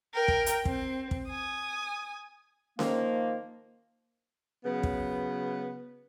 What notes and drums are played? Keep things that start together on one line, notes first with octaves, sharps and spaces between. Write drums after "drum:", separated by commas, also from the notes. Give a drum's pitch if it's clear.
A#4 G5
drum: kick
drum: hi-hat
C4, drum: kick
drum: kick
G#5 D#6
D#3 F3 A#3, drum: snare C#4
C#3 F#3 B3
drum: kick